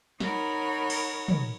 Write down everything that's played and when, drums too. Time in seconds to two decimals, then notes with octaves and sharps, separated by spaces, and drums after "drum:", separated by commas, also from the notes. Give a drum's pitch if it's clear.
0.20 D#4 A#4 C#5 F#5 B5, drum: snare
0.90 drum: cymbal
1.28 drum: tom